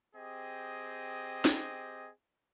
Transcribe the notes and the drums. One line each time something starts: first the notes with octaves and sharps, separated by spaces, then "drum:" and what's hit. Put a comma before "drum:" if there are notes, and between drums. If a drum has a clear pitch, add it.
C4 G4 G#4 D#5
drum: snare